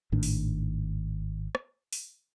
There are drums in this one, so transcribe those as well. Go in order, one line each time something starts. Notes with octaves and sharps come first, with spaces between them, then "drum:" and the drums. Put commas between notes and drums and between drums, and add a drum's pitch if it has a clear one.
G#1 A2 D#3 D4
drum: open hi-hat
drum: rim click
drum: open hi-hat